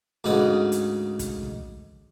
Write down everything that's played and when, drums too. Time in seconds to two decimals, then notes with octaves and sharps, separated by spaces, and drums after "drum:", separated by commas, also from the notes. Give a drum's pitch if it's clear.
0.24 D2 G#2 C#3 B4 F#5 D#6
0.72 drum: hi-hat
1.19 drum: kick, hi-hat
1.43 drum: kick